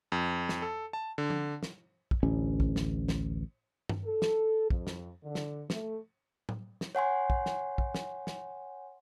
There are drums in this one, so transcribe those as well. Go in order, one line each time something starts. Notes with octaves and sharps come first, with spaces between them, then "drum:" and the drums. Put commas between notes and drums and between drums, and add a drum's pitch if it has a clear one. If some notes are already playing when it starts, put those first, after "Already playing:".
F2
drum: snare
A4
A5
D3
drum: tom
drum: snare
drum: kick
A1 D2 C#4
drum: kick
drum: snare
drum: snare
drum: tom G2
A4
drum: snare
F2, drum: kick
drum: snare
D3
drum: snare
A3, drum: snare
drum: tom A2
drum: snare
C#5 F#5 G#5 C6
drum: kick
drum: snare
drum: kick
drum: snare
drum: snare